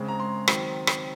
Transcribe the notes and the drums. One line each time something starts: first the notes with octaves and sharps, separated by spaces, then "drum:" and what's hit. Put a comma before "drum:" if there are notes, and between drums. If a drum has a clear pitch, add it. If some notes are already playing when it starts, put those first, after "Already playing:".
Already playing: C#3 G#3 C4
A#5
C6
D#3 F#3 C4, drum: rim click
drum: rim click